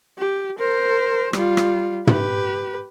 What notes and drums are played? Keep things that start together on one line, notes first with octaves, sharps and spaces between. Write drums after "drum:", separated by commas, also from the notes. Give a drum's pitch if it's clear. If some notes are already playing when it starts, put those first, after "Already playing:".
G4
A#4 C5
G3 F4, drum: rim click
drum: rim click
G4 B4, drum: tom